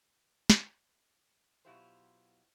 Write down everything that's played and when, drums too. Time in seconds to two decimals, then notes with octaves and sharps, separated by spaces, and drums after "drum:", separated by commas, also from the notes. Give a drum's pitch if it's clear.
0.50 drum: snare
1.65 B2 F#3 E4 F4 G4 C5